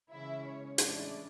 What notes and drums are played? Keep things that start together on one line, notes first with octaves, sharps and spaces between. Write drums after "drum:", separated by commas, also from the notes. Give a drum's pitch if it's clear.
C#3 E3 G#3 C#4 E4 E5
C#5
A2 E3 G#3 C#4 D4 E4 D5, drum: hi-hat